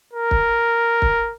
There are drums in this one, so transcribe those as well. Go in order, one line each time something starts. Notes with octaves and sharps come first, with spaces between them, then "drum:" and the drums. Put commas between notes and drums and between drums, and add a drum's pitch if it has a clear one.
A#4
drum: kick
drum: kick